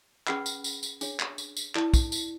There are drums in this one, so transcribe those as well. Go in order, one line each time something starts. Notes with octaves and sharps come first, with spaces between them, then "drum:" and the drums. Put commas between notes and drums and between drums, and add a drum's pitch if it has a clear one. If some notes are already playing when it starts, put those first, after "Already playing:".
C#4 G#4 B4 F#5 B5, drum: clap
drum: tambourine
drum: tambourine
drum: tambourine
D4 G#4 C#5, drum: tambourine
drum: clap
drum: tambourine
drum: tambourine
E4 A4 D5 A5, drum: clap
drum: kick, tambourine
drum: tambourine